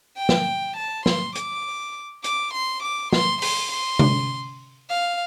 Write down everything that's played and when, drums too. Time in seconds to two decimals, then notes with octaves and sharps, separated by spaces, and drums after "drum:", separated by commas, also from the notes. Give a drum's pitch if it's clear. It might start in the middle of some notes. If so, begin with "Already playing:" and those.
0.18 G5
0.29 drum: snare
0.77 A5
1.06 C6, drum: snare
1.35 D6, drum: hi-hat
2.24 D6, drum: hi-hat
2.54 C6
2.83 D6
3.13 C6, drum: snare
3.42 C6, drum: open hi-hat
3.71 C6
3.99 drum: tom C3
4.90 F5